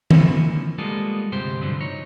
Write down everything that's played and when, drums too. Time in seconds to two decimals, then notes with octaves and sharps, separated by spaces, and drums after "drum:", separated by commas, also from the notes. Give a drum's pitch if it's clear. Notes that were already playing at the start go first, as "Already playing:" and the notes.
0.11 D3 E3 F3 A#3 C4 C#4, drum: tom D#3
0.78 G3 G#3 A#3 B3 F4 A4
1.32 D2 G2 C3 G#3 G4 C5
1.61 G2 B2 D3 F3 F#3
1.80 D#4 C#5